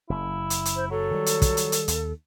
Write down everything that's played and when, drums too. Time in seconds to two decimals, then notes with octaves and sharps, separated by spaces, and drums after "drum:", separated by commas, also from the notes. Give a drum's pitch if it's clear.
0.10 F#1 E4
0.50 drum: hi-hat
0.65 drum: hi-hat
0.76 C5
0.91 F#3 A4
1.11 D#3 G3
1.26 drum: hi-hat
1.42 drum: kick, hi-hat
1.57 drum: hi-hat
1.72 drum: hi-hat
1.88 D#2, drum: hi-hat